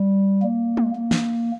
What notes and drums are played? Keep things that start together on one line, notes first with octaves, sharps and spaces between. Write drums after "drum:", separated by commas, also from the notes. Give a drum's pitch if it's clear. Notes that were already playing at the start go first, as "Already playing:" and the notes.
Already playing: G3
A#3
drum: tom
A#3
drum: snare